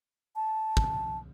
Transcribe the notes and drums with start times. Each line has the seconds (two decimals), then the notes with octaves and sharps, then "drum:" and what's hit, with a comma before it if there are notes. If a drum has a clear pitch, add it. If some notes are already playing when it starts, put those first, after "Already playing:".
0.36 A5
0.77 drum: kick